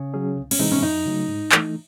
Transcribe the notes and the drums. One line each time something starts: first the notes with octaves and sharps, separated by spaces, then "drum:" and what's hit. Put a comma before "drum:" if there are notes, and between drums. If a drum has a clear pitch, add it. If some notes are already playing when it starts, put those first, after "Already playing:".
Already playing: C#3
F#3 C#4 G#4
C2
C#4, drum: cymbal
C3 E3 G#3 C4 D#4
C#4
F#2 D#4
C#3 F#3 A3
G#2
E3 A3, drum: clap